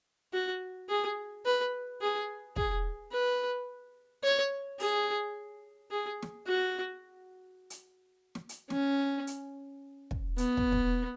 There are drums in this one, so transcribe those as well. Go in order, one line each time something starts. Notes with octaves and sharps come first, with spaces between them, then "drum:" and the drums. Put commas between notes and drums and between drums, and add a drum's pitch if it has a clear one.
F#4
G#4
B4
G#4
G#4, drum: kick
B4
C#5
G#4, drum: open hi-hat
G#4
drum: snare
F#4
drum: hi-hat
drum: snare
drum: hi-hat
C#4, drum: snare
drum: hi-hat
drum: kick
B3, drum: hi-hat
drum: kick
drum: kick